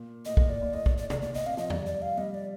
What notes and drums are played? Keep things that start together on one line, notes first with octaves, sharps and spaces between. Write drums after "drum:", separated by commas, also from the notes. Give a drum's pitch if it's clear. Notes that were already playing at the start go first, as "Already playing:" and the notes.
Already playing: A#2
A2 D#5
A#2, drum: kick
D5
A#2
A2 D#5
D5, drum: kick
D5
D5, drum: tom C3
A#2 D5
A#2 D#5
C3 F5
F3 D#5
G3 D5, drum: tom E2
D5
F5
G3 D#5
D5